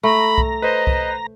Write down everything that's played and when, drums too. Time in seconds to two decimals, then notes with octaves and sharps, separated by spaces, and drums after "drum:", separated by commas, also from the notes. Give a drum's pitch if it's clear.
0.03 A3 A#5 B5
0.38 drum: kick C2
0.62 B4 C5 D#5
0.87 drum: kick C2